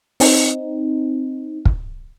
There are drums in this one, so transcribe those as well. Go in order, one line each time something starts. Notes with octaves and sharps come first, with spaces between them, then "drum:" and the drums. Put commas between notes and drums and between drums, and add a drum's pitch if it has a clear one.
C4 D#4, drum: open hi-hat
drum: kick